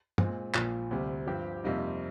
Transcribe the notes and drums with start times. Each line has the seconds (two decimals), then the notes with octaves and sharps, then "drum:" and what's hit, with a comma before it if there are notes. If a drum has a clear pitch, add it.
0.18 A#2 G#3 C4, drum: tom
0.55 A#1 A#2 F3, drum: clap
0.91 D2 C3 G3
1.27 G2 F3 C4 G4
1.64 F2 C3 G3 A#3 D#4